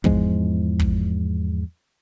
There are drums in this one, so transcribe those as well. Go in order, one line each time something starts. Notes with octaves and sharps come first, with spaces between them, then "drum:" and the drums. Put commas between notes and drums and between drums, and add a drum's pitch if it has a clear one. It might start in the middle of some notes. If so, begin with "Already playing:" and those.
E2 G#2 F3 G#3, drum: kick
drum: kick